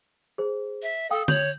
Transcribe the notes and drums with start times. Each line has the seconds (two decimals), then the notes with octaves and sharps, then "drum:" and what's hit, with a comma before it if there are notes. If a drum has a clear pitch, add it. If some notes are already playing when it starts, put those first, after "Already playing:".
0.38 G#4 C5
0.82 E5
1.10 A4 F5 G5 D#6
1.28 C#5 G6 F7 F#7, drum: tom